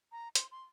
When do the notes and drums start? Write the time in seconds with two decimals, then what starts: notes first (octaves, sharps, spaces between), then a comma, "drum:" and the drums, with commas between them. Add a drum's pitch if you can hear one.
0.12 A#5
0.35 C6, drum: hi-hat
0.51 C6